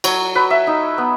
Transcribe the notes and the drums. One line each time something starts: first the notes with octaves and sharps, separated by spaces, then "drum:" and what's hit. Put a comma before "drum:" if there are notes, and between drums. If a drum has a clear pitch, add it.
F#3 C#5, drum: cymbal
F#3 B4
E5
D#4
B3